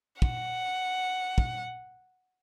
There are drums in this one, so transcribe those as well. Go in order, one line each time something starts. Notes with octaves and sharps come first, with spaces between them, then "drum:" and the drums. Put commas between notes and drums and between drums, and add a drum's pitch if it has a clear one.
F#5, drum: kick
drum: kick